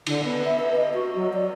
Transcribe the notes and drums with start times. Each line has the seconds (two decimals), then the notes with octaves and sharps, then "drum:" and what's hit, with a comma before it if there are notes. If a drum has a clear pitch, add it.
0.06 D3, drum: cymbal
0.24 B3
0.45 E5
0.59 B4
0.75 D#5
0.94 F#4
1.15 F#3
1.33 D5